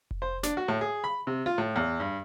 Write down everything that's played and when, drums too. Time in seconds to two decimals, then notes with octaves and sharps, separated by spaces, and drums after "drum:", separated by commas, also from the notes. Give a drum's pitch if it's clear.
0.11 drum: kick F1
0.22 C5
0.43 D4, drum: snare
0.57 F#4
0.68 A2
0.81 G#4
1.04 B5
1.27 C3
1.46 F4
1.58 A2
1.76 E2
2.00 G2